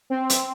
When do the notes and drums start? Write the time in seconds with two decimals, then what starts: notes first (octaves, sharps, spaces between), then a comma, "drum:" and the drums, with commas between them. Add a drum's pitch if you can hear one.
0.10 C4
0.30 drum: hi-hat